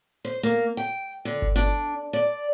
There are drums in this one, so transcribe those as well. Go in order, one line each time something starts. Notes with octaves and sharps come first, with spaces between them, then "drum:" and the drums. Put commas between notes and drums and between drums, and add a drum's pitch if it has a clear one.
C5
A#3
G5
D3
drum: kick G1
D4
D5